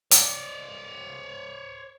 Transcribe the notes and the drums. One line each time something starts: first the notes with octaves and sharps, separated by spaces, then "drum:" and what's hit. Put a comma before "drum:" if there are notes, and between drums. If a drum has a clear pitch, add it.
C#5 D5, drum: hi-hat